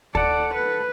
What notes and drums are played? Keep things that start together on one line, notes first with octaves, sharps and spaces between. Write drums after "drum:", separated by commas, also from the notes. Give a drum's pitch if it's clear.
A4 D5 F#5, drum: kick
B4